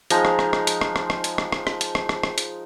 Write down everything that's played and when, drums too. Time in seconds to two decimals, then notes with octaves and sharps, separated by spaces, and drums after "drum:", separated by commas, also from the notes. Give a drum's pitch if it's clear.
0.10 F3 G#3 D#4 A#5, drum: hi-hat
0.25 drum: rim click
0.39 drum: rim click
0.53 drum: rim click
0.67 drum: hi-hat
0.81 drum: rim click
0.96 drum: rim click
1.10 drum: rim click
1.24 drum: hi-hat
1.38 drum: rim click
1.52 drum: rim click
1.67 drum: rim click
1.81 drum: hi-hat
1.95 drum: rim click
2.09 drum: rim click
2.23 drum: rim click
2.38 drum: hi-hat